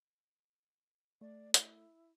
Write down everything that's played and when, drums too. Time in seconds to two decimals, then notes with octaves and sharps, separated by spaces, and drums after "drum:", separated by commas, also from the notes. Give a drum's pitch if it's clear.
1.21 A3 D5
1.54 E4, drum: hi-hat